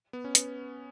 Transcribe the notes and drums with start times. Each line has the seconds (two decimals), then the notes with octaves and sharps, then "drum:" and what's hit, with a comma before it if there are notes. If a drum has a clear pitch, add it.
0.13 B3
0.24 C#4
0.35 B3, drum: hi-hat